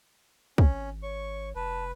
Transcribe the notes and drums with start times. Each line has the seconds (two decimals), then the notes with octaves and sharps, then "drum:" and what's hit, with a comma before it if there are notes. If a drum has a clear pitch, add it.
0.58 G#1 C#4, drum: kick
1.02 C#5 C#6
1.56 F1 B4 A5